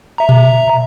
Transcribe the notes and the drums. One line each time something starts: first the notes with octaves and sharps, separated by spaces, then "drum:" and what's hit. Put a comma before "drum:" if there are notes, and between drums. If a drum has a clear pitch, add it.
E5 A#5
drum: tom A#2